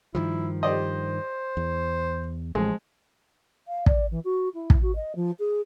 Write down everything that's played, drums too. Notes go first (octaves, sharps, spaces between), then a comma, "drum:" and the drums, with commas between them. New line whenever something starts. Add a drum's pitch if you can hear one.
G2 D#3 F3 E4
G4 C5 D5 D#5
E2
A1 F3 G#3
F5
D5, drum: kick
E3
F#4
E4
drum: kick
F#4
D#5
F3
G#4